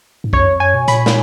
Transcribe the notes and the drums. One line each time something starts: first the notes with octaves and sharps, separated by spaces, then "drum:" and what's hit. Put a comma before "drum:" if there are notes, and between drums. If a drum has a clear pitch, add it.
G#2
F#2 C#5, drum: kick
F2
F#2 G#5
B2
A#2 B5, drum: hi-hat
drum: snare